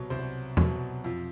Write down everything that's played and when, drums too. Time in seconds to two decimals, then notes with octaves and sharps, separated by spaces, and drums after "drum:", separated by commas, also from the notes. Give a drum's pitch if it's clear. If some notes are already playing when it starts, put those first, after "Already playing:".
Already playing: C2 B2 F#3
0.10 C2 C5
0.57 B2 F#3, drum: tom E2
1.04 F2